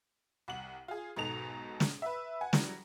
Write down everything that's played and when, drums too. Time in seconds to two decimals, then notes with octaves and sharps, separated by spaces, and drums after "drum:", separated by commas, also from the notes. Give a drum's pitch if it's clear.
0.48 C2 F#5 F#7
0.88 F4 G#4
1.17 B1 G#2 B2 D#4 A4 F7
1.80 drum: snare
2.02 B4 E5
2.41 F#5 G#5
2.53 E3 F#3 G3, drum: snare